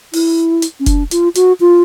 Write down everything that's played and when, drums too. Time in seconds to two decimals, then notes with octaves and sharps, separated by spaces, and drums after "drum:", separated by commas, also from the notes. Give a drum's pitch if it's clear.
0.13 E4, drum: open hi-hat
0.62 drum: hi-hat
0.80 C#4
0.86 D4, drum: kick F1, hi-hat
1.11 F4, drum: hi-hat
1.36 F#4, drum: hi-hat
1.60 F4